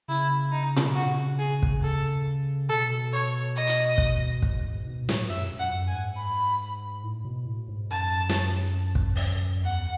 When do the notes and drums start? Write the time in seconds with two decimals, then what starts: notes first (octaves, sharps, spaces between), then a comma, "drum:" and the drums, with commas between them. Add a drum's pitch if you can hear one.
0.08 C#3 E4
0.52 D#4
0.76 drum: tom A#2
0.95 F#4
1.39 G#4
1.62 drum: kick
1.83 A4
2.69 B2 A4
3.13 C#5
3.56 D#5
3.67 drum: hi-hat
3.98 drum: kick
4.42 G#2, drum: kick
4.64 G#2
4.86 B2
5.09 A2, drum: snare
5.30 F#2 E5
5.52 F#2
5.59 F#5
5.73 F#2
5.87 G#5
5.94 G#2
6.17 B5
7.03 A2
7.25 B2
7.46 A2
7.68 G#2
7.91 F#2 A5
8.29 drum: snare
8.95 drum: kick
9.15 drum: open hi-hat
9.63 E2 F#5